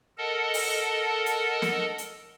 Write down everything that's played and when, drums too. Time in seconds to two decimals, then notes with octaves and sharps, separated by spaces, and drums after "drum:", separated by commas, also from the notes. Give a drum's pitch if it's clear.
0.18 A4 A#4 D#5 F#5 A5
0.54 drum: open hi-hat
1.26 drum: hi-hat
1.62 drum: snare
1.98 drum: hi-hat